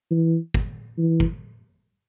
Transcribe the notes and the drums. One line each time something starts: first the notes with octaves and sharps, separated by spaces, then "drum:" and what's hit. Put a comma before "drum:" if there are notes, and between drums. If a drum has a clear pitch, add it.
E3
drum: kick
E3
drum: kick